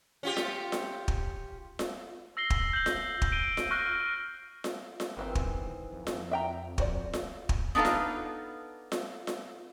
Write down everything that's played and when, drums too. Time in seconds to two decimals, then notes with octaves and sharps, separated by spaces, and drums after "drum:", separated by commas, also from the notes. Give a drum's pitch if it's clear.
0.23 C#4 F4 G4
0.37 drum: snare F4
0.72 drum: snare F4
1.08 drum: kick
1.79 drum: snare F4
2.37 E6 A#6 C7 G7
2.50 drum: kick
2.73 G6 F#7
2.86 drum: snare F4
3.22 drum: kick
3.32 D7 D#7 G7
3.57 drum: snare F4
3.71 C#6 F6 F#6 A#6
4.64 drum: snare F4
5.00 drum: snare F4
5.17 G1 D#3 E3 C4
5.35 drum: kick
5.93 F2
6.07 drum: snare F4
6.31 E5 G5 A#5
6.78 F#4 C5 D5, drum: kick
7.13 drum: snare F4
7.49 drum: kick
7.75 B3 D4 D#4 A4 B4 F5
7.85 drum: snare F4
8.92 drum: snare F4
9.27 drum: snare F4